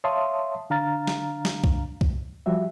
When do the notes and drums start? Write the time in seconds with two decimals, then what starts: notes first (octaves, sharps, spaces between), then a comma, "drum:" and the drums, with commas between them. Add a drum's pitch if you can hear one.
0.04 C#5 E5 F5 A5 C6 D#6
0.70 D3 D4 F5 A#5 F6 A6
1.07 drum: snare
1.45 drum: snare
1.64 drum: kick C2
2.01 drum: kick C2
2.46 F3 G3 F#4 E5